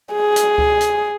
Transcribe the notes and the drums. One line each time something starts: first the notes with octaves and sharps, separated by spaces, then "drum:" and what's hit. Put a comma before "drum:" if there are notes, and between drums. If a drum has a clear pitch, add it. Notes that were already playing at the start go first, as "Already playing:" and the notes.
G#4
drum: hi-hat
drum: kick C#2
drum: hi-hat